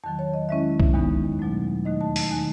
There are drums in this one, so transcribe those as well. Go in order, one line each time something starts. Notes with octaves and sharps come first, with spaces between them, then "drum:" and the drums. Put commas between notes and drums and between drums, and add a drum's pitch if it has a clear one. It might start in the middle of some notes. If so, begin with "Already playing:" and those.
E2 D#3 F#3 A5
C#5
D#5
D#3 G#3 C#4 E4 E5
drum: kick B1
E2 D#3 G#3 B3 D#4
B2 F#3 A3
D#2 D#3 A3 D#4 D#5
A5
A5, drum: open hi-hat
D#3 A3 D#4 G#5